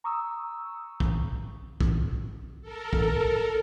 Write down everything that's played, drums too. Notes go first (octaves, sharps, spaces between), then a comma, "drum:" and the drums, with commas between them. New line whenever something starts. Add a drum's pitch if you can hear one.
A#5 C#6 D#6 E6
drum: kick
drum: kick
A4 A#4
drum: kick